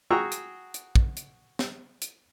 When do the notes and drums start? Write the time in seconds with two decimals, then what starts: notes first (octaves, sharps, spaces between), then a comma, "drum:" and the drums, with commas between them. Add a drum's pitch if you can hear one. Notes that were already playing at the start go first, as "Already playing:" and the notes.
0.10 F#4 G#4 G5 A#5 C#6 E6
0.32 drum: hi-hat
0.74 drum: hi-hat
0.95 drum: kick
1.17 drum: hi-hat
1.59 drum: snare
2.02 drum: hi-hat